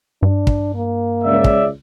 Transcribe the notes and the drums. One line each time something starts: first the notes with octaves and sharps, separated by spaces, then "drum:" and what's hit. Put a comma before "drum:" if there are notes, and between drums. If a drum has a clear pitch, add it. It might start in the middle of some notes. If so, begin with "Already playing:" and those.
G2 D4
drum: kick
A#3
C#2 D5 E5
drum: kick